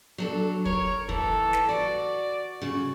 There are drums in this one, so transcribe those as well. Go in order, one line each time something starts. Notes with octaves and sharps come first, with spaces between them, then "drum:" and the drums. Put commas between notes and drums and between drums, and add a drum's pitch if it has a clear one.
F#3 D4 A4
A#4 C#5, drum: kick
E3 A4, drum: kick
drum: snare
F#4 D5
C#3 F#4